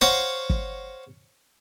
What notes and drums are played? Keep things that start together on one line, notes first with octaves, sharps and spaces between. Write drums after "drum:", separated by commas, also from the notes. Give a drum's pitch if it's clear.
C5 C#5 F5 F#5 A#5, drum: snare
drum: kick